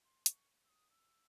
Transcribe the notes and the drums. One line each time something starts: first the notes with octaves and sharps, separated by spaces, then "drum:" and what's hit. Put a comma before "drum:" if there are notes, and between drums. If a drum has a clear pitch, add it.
C6
C#6, drum: hi-hat
E6
D#6
E6